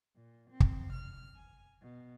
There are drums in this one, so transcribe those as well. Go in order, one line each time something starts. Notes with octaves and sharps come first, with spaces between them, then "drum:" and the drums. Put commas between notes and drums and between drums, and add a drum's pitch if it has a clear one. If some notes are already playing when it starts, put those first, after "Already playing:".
A#2
C4
drum: kick
F6
G#5
B2